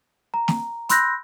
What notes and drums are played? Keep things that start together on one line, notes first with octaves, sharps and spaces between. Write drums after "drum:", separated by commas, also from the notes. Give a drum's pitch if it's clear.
A#5
drum: snare
B5 C6 E6 F#6 G6 A#6, drum: hi-hat